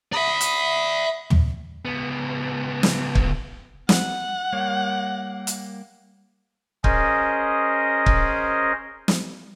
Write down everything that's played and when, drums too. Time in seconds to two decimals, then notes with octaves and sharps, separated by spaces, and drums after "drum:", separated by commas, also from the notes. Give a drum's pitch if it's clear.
0.13 D5 E5 B5 D#6
0.41 drum: hi-hat
1.30 drum: tom
1.85 C#2 B3
2.83 drum: snare
3.15 drum: kick
3.89 F#5, drum: snare
4.53 G3 A#3 C#5
5.47 drum: hi-hat
6.84 C#4 G#4 A#4 C5 D#5, drum: kick
8.06 drum: kick
9.08 drum: snare